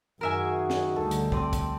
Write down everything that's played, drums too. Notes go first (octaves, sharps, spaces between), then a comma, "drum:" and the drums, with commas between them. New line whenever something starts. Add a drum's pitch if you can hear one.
F#2 D#3 F#4 G#4 A#4 E5 G#5
drum: snare
D2 G3 A4
drum: hi-hat
C4 D5 D#6, drum: kick
drum: kick, hi-hat